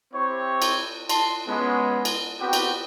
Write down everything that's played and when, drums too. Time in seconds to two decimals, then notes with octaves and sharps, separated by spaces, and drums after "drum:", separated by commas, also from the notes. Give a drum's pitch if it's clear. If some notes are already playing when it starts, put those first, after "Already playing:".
0.14 C4 E4 G4 C5 C#5 C#6
0.62 drum: cymbal
1.09 A5 C6, drum: cymbal
1.47 G#3 B3 C#4
2.05 drum: cymbal
2.40 B3 C4 F#4 G4
2.53 drum: cymbal